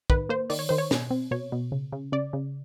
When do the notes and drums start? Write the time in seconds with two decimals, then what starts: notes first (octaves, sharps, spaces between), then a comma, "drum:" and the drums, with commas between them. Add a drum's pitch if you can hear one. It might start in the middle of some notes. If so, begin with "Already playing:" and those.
0.10 D#3 B4, drum: kick
0.29 A#3 C5
0.50 D#3 D5, drum: open hi-hat
0.59 C#5
0.69 D#3 C5
0.78 C#5
0.91 B2, drum: snare
1.11 C4
1.31 B2 C#5
1.52 B2
1.72 C#3
1.92 C#3
2.12 C#3 D5
2.33 C#3